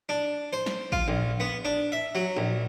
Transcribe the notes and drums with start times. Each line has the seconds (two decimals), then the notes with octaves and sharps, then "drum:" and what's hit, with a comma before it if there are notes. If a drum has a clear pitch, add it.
0.09 D4
0.53 C5
0.66 drum: snare
0.92 F4, drum: kick
1.08 A#1
1.40 B3
1.65 D4
1.92 E5
2.15 F#3
2.37 A#1